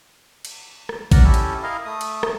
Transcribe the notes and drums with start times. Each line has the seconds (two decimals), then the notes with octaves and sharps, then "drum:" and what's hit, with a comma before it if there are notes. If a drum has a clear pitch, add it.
0.45 drum: cymbal
0.89 drum: rim click
1.11 A#4 D5 F#5, drum: kick, cymbal
1.24 C#4 E4 G4 A4
1.34 drum: cymbal
1.63 E4 A#4 D#5 F5
1.85 A3 D#6
2.01 drum: cymbal
2.23 drum: rim click